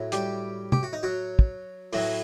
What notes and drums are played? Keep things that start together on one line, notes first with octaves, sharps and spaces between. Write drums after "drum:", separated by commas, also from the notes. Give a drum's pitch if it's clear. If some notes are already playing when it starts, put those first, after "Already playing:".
Already playing: A2 F#3
G3 G4, drum: hi-hat
G4, drum: tom
F#4
D#4
F#3 F#4
drum: kick
A2 F#3, drum: open hi-hat